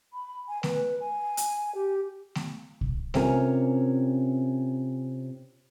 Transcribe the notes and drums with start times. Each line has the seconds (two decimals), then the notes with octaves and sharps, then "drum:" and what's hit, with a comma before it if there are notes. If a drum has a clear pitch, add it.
0.13 B5
0.48 G#5
0.63 B4, drum: snare A3
1.00 G#5
1.37 drum: hi-hat
1.75 G4
2.35 drum: snare A3
2.81 drum: kick
3.14 C3 C#4 F4 A#4 G#5, drum: snare A3